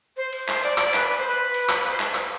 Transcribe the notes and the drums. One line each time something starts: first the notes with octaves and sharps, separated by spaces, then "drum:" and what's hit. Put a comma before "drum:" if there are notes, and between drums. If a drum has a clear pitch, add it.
C5
drum: cymbal
C5, drum: clap
D5, drum: cymbal
D5, drum: clap
B4, drum: clap
B4
C5
B4
drum: cymbal
drum: clap
C5
drum: clap
drum: clap